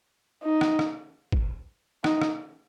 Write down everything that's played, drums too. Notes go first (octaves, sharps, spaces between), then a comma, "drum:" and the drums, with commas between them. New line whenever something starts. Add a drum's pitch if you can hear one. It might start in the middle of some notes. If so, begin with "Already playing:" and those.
D#4
drum: rim click
drum: rim click
drum: kick A1
D#4, drum: rim click
drum: rim click